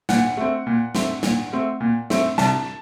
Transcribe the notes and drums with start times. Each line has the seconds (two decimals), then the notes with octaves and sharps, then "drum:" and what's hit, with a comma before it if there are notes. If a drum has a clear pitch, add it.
0.09 A#2 F#5, drum: snare
0.37 A3 C4
0.67 A#2
0.95 A3 C4, drum: snare
1.23 A#2, drum: snare
1.53 A3 C4
1.81 A#2
2.10 A3 C4, drum: snare
2.38 C2 A5, drum: snare